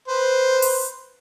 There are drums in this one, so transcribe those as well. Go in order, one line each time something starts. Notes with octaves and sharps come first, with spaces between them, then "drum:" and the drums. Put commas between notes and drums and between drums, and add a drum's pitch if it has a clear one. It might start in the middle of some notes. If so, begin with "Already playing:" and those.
B4 C5
drum: open hi-hat